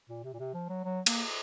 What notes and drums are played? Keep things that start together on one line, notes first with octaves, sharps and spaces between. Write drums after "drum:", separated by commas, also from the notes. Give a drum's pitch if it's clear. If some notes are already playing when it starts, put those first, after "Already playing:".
A#2
C3
A#2
C3
F3
F#3
F#3
A#3, drum: cymbal